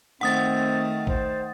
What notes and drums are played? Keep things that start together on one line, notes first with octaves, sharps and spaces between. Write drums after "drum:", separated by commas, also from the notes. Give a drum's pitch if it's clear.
D#3 A3 C4 F#5 D#6 A6
C5, drum: kick